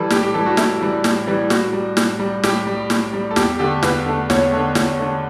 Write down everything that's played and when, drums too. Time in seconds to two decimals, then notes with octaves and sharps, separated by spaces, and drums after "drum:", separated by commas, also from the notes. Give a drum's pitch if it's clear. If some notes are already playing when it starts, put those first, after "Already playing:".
Already playing: E3 G3 A4
0.10 A2 G4, drum: snare
0.23 G4
0.34 E3 G3 A4
0.46 F#4
0.57 A2 E4, drum: snare
0.81 E3 G3
1.04 A2, drum: snare
1.27 E3 G3
1.50 A2 F#4, drum: snare
1.73 G3
1.97 A2, drum: snare
2.19 G3
2.43 A2 G4, drum: snare
2.67 G3
2.90 A2, drum: snare
3.13 G3
3.31 A4
3.36 E2 G4, drum: snare
3.59 D3 A3 G4
3.83 E2 B4, drum: snare
4.06 D3 A3
4.30 E2 C#5, drum: snare
4.52 D3 A3
4.75 E2, drum: snare
4.99 D3 A3